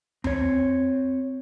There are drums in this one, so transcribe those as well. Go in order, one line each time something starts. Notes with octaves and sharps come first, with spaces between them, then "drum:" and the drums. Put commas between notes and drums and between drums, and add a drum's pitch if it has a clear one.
C4 C#5, drum: tom E2